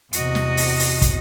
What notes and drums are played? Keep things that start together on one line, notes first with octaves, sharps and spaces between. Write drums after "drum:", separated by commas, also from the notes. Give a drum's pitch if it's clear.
E2 C3 F#4 D#5, drum: hi-hat
drum: snare
drum: open hi-hat
drum: open hi-hat
drum: kick, hi-hat